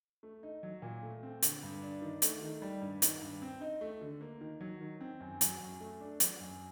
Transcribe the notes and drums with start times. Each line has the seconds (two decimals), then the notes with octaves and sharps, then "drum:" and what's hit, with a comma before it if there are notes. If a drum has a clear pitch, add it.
0.23 A3
0.43 D#4
0.63 F#3
0.82 A#2
1.03 A3
1.23 C4
1.42 D3, drum: hi-hat
1.63 G2
1.82 D4
2.02 D#3
2.22 A3, drum: hi-hat
2.42 D#3
2.62 G3
2.82 G2
3.02 D#3, drum: hi-hat
3.21 G2
3.42 C4
3.61 D#4
3.81 A3
4.01 D3
4.21 A#3
4.41 D#3
4.61 F#3
4.81 D#3
5.01 C4
5.20 F#2
5.41 F#3, drum: hi-hat
5.60 F#2
5.80 A3
6.00 D4
6.20 F#3, drum: hi-hat
6.40 F#2